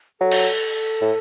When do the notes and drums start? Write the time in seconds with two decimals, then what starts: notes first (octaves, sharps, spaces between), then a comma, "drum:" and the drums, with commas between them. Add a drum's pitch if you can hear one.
0.21 F#3 A4
0.32 drum: cymbal
1.02 A2